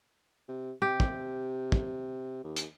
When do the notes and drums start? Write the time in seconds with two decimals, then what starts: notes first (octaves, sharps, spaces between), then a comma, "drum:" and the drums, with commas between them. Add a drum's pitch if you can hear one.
0.48 C3
0.82 C3 G4
1.00 drum: kick
1.72 drum: kick
2.44 D#2
2.56 drum: hi-hat